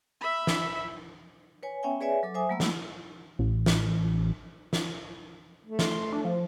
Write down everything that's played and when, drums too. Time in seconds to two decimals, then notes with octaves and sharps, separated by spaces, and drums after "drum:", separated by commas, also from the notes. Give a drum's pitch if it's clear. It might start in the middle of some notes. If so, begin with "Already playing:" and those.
0.21 E5 B5
0.47 drum: snare
1.63 B4 C#5 G#5
1.83 B3 C#4 C#5 E5 G5 G#5
2.00 G#4 B4 C#5 D5 E5 G#5
2.23 F#3 A4 D6
2.34 C5 E5 G#5 D#6
2.50 F#3 G3 A3 A#3 B5 E6
2.60 drum: snare
3.39 A1
3.66 drum: snare
4.73 drum: snare
5.66 A3
5.79 C6, drum: snare
6.12 D4
6.25 F3